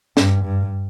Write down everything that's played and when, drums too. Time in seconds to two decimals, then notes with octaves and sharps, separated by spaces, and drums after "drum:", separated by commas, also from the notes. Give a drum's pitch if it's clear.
0.17 G2, drum: snare
0.45 G2